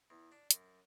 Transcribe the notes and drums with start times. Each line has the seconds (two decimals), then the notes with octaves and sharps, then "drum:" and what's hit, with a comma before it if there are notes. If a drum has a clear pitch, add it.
0.10 E2
0.32 D4
0.51 F#2, drum: hi-hat